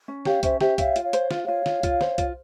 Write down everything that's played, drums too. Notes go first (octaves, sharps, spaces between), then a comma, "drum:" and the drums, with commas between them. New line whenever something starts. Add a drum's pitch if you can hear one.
C#4
G4 C#5 F5, drum: snare
C#4 C5 E5, drum: kick, hi-hat
G4 C5 E5, drum: snare
C#5 E5 F5, drum: kick, hi-hat
F4, drum: hi-hat
C#5 F5
C5, drum: hi-hat
F4 F5, drum: snare
F4 C#5 F5
F4, drum: snare
F4, drum: kick, hi-hat
C5, drum: snare
F4, drum: kick, hi-hat